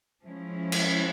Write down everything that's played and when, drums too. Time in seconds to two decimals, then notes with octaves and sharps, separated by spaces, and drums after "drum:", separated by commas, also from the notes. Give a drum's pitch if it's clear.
0.24 F3 G#3 C#4 E4
0.72 drum: cymbal